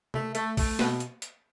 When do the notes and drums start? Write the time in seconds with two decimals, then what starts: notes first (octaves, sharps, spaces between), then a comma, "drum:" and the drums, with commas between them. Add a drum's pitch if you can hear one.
0.14 A3, drum: tom C3
0.35 A3, drum: hi-hat
0.57 A3, drum: kick B1, open hi-hat
0.79 B2 B4, drum: snare
1.00 drum: hi-hat
1.22 drum: hi-hat